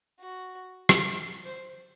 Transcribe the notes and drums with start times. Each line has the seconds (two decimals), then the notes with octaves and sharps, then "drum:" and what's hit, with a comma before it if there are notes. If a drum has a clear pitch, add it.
0.20 F#4
0.89 drum: rim click
1.45 C5